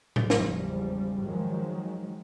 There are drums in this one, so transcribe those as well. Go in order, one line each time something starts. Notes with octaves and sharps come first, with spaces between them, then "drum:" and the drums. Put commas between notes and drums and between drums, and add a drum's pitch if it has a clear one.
drum: tom A2
G#1 E2 G#2 C#3 F3 G3, drum: snare
D#3 F3 F#3 G#3